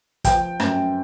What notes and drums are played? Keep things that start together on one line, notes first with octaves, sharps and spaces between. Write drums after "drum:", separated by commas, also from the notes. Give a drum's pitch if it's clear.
F3 G5, drum: kick, hi-hat
F#2, drum: rim click